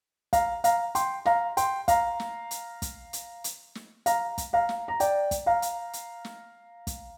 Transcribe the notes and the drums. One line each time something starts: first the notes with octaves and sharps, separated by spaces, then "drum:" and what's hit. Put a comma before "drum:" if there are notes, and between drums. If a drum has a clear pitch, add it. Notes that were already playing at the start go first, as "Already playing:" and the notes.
F5 A#5, drum: kick, hi-hat
F5 A#5, drum: hi-hat
G5 C6, drum: hi-hat
F5 A#5, drum: snare
G5 C6, drum: hi-hat
F5 A#5, drum: kick, hi-hat
drum: snare
drum: hi-hat
drum: kick, hi-hat
drum: hi-hat
drum: hi-hat
drum: snare
F5 A#5, drum: hi-hat
drum: kick, hi-hat
F5 A#5
drum: snare
A#5
D5 G5, drum: hi-hat
drum: kick, hi-hat
F5 A#5
drum: hi-hat
drum: hi-hat
drum: snare
drum: kick, hi-hat